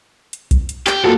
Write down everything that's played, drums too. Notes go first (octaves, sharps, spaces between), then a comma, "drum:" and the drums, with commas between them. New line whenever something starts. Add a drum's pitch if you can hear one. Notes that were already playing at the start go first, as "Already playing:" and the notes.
drum: hi-hat
drum: kick B1, hi-hat
drum: hi-hat
G4, drum: clap
F#2 A#3 F4 F#4 A4